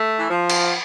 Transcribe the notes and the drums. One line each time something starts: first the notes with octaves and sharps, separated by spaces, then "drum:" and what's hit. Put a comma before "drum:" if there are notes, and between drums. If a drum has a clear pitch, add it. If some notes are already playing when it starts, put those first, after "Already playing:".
Already playing: A3
E3
F3
drum: cymbal